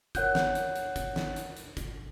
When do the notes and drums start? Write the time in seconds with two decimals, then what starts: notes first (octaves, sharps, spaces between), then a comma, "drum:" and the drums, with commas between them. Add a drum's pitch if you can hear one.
0.15 A#4 C#5 F#5 F#6 G6, drum: kick, hi-hat
0.35 drum: snare
0.55 drum: hi-hat
0.76 drum: hi-hat
0.96 drum: kick, hi-hat
1.16 drum: snare
1.36 drum: hi-hat
1.57 drum: hi-hat
1.77 drum: kick, hi-hat